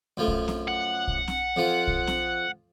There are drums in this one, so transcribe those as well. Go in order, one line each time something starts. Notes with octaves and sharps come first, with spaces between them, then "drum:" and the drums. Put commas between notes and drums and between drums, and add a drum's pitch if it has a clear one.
F#2 F3 A3
drum: kick B1
drum: snare C4
F#5
drum: kick B1
drum: snare C4
F2 F3 F4
drum: kick B1
drum: snare C4